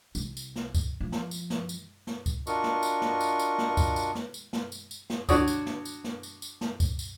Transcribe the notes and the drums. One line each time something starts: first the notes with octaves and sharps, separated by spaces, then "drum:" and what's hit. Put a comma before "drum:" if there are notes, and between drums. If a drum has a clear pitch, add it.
C2, drum: tambourine
drum: tambourine
drum: snare
drum: kick C#2, tambourine
F3
drum: snare
drum: tambourine
drum: snare
drum: tambourine
drum: snare
drum: kick C#2, tambourine
D4 F4 F#4 A#4 D#5 C#6, drum: tambourine
drum: snare
drum: tambourine
drum: snare
drum: tambourine
drum: tambourine
drum: snare
drum: kick C#2, tambourine
drum: tambourine
drum: snare
drum: tambourine
drum: snare
drum: tambourine
drum: tambourine
drum: snare
D3 F#4 C#5 D5 D#6, drum: kick C#2, tambourine
drum: tambourine
drum: snare
drum: tambourine
drum: snare
drum: tambourine
drum: tambourine
drum: snare
drum: kick C#2, tambourine
drum: tambourine